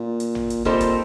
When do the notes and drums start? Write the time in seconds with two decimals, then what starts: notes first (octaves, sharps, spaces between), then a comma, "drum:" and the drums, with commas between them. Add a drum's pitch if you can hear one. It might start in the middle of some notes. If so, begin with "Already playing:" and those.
Already playing: A#2
0.20 drum: hi-hat
0.35 drum: tom A1
0.50 drum: hi-hat
0.65 A#2 G3 C4 D#4 A4 C5, drum: kick
0.81 drum: kick, hi-hat